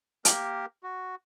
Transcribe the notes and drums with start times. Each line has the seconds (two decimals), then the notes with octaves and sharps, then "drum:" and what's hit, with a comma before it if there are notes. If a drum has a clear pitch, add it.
0.25 A#3 G4 A#4, drum: hi-hat
0.83 F#4